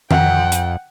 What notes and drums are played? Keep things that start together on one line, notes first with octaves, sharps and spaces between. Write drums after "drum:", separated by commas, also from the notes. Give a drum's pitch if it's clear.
F2 F#5 G5, drum: tom D#3
drum: hi-hat